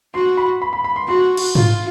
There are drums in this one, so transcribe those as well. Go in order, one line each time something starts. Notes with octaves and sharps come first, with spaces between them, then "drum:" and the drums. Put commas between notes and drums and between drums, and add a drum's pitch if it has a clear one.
F#4 C6
B5
B5
B5
B5
C6
F#4 C6
drum: cymbal
F4, drum: tom G#2